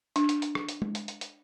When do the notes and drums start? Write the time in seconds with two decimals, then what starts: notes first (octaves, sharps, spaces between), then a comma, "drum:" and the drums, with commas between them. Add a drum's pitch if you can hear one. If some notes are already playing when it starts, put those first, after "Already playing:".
0.16 D4, drum: hi-hat
0.29 drum: hi-hat
0.42 drum: hi-hat
0.55 drum: rim click
0.69 drum: hi-hat
0.82 drum: tom
0.95 drum: hi-hat
1.08 drum: hi-hat
1.21 drum: hi-hat